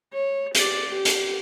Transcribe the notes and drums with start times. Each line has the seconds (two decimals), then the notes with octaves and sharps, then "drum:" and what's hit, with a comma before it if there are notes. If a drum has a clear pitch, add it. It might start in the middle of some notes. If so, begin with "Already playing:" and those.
0.13 C#5
0.55 G4 D5, drum: hi-hat
0.88 G4
1.05 drum: hi-hat